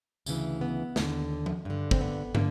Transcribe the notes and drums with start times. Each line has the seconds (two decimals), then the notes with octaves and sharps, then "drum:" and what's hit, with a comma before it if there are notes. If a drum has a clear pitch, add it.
0.26 D2 C#3 E3, drum: tambourine
0.61 B3
0.96 D#2 D3, drum: snare
1.46 drum: tom F3
1.65 G2 D3
1.91 C4, drum: kick
2.01 B3
2.35 D3 A#3, drum: tom